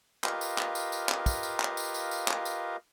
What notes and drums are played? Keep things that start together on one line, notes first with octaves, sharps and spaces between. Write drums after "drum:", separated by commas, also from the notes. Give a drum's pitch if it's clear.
F4 G4 A#4 B4 D#5 F5, drum: clap
drum: tambourine
drum: clap
drum: tambourine
drum: tambourine
drum: clap
drum: kick, tambourine
drum: tambourine
drum: clap
drum: tambourine
drum: tambourine
drum: tambourine
drum: clap
drum: tambourine